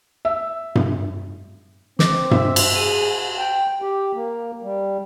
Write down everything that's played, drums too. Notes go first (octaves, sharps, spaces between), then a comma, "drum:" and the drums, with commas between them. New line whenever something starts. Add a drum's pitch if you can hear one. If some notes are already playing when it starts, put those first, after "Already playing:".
E5
drum: tom G2
C4 D#5 D6, drum: snare
E5, drum: tom G2
drum: cymbal
G#4 D#7
G5
G4
A#3
G3